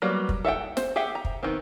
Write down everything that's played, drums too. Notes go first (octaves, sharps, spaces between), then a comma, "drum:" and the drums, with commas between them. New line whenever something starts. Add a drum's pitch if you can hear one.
F#3 G3 A#3 B3
drum: kick
A4 E5 F#5 G5
C5, drum: snare
G4 G#4 E5 F#5 G5
A#5
drum: kick
D#3 B3 C4